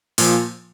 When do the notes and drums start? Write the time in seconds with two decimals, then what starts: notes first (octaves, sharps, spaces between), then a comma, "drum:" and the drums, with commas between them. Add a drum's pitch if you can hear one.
0.18 A#2 F3, drum: open hi-hat